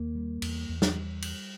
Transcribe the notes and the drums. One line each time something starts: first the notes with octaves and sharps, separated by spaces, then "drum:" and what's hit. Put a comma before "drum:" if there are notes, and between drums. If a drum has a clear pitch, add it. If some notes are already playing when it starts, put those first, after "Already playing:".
Already playing: D#2 A#3
G3
E2, drum: cymbal
E2
drum: snare
G3
drum: cymbal